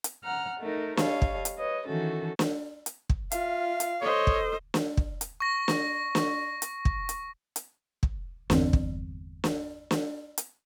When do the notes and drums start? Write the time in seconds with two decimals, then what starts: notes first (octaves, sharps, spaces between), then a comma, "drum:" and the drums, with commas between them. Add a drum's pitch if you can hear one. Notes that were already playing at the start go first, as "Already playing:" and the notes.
0.04 drum: hi-hat
0.24 F#5 A#5 F6
0.60 A3 D#4 A#4
0.97 G3 A4 C#5 D#5 F5, drum: snare
1.22 drum: kick
1.45 drum: hi-hat
1.58 B4 C#5 D#5
1.87 D#3 E3 A3 C#4 F#4 A4
2.39 drum: snare
2.86 drum: hi-hat
3.09 drum: kick
3.32 F4 E5 F5, drum: hi-hat
3.80 drum: hi-hat
4.02 A4 C5 C#5 D#5
4.27 drum: kick
4.74 drum: snare
4.97 drum: kick
5.21 drum: hi-hat
5.40 C#6 A#6
5.68 drum: snare
6.15 drum: snare
6.62 drum: hi-hat
6.85 drum: kick
7.09 drum: hi-hat
7.56 drum: hi-hat
8.03 drum: kick
8.50 G1 E2 C4, drum: snare
8.73 drum: kick
9.44 drum: snare
9.91 drum: snare
10.38 drum: hi-hat